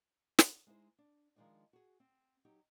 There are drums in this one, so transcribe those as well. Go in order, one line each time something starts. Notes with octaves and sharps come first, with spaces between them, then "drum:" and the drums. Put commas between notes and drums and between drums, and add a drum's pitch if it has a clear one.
drum: snare
G#3 D#4 E4 C5
D4
D#3 F3 G#3 D4 D#4
F#4 G#4
C4
F#3 D#4 G4